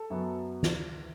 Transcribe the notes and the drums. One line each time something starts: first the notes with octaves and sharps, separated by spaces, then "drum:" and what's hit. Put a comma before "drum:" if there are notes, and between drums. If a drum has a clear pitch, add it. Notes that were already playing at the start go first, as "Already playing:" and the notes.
Already playing: A4
F#2 F#3 B3
drum: snare